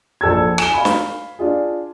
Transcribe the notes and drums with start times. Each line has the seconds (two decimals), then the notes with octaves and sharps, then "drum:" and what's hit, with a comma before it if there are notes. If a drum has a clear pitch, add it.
0.21 A#1 A4 E6 G#6
0.58 G#5 E7 G7, drum: rim click
0.73 F5 B5
0.85 drum: snare
1.39 D4 F4 G#4